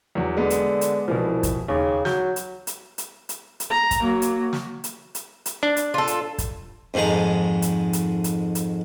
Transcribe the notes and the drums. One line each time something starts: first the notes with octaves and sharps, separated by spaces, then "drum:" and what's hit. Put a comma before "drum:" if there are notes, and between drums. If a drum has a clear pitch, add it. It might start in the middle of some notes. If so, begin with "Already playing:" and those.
E2 F#3
D3 G#3 B3
drum: hi-hat
drum: hi-hat
C2 B2 E3 F3
drum: kick, hi-hat
D#2 C#3
F#3 G6, drum: snare
drum: hi-hat
drum: hi-hat
drum: hi-hat
drum: hi-hat
drum: hi-hat
A#5
drum: kick, hi-hat
F#3 A#3
drum: hi-hat
drum: snare
drum: hi-hat
drum: hi-hat
drum: hi-hat
D4
drum: hi-hat
F4 A4
drum: hi-hat
drum: kick, hi-hat
F2 G#2 D#3 G#3 A#5
drum: hi-hat
drum: hi-hat
drum: hi-hat
drum: hi-hat